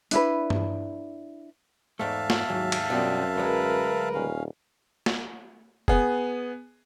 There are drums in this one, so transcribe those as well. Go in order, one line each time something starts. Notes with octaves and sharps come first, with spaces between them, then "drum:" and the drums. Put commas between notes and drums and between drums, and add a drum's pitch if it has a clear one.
D4 E4 B4, drum: hi-hat
drum: tom G2
E2 G#2 A3 E5 F5 A5
drum: snare
D#2 G#2 F#3
drum: cymbal
F#2 B2 F3 G3 C4
D2 F#3 G#3 A#4 B4
D#1 C#4 F5
drum: snare
B3 G#4, drum: kick F1